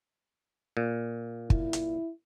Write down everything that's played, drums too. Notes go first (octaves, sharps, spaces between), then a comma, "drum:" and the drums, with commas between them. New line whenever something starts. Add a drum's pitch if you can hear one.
A#2
E4, drum: kick
drum: hi-hat